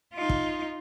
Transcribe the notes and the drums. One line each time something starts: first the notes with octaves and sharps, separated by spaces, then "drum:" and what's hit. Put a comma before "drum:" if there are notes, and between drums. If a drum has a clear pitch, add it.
D#4 F4
drum: kick